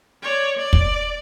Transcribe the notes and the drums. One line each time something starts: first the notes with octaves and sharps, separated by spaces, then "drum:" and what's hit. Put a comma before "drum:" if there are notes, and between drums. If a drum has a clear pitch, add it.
C#5 D5
D5
drum: kick